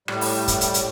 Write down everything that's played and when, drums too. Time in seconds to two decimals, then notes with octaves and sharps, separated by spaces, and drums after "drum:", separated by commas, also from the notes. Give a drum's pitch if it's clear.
0.08 A2 G3, drum: rim click
0.21 drum: open hi-hat
0.48 drum: kick, hi-hat
0.61 drum: hi-hat
0.74 drum: hi-hat